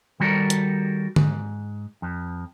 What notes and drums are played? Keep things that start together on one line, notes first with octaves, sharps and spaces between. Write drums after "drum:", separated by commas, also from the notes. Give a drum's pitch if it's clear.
D#3 G3 F#4 A4 A#4
drum: hi-hat
G#2, drum: tom D3
F2